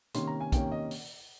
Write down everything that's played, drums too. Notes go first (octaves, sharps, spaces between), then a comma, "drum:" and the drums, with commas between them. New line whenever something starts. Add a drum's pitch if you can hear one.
C3 D#3 A#3 C#4 C6, drum: hi-hat
A#5
G#5
C3 D#3 A#3 C#4 G5, drum: kick B1, hi-hat
D#5
drum: open hi-hat